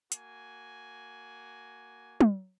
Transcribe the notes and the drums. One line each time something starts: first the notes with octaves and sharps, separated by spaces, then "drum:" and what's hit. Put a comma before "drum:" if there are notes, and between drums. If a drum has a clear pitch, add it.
A#3 F#4 G#5, drum: hi-hat
drum: tom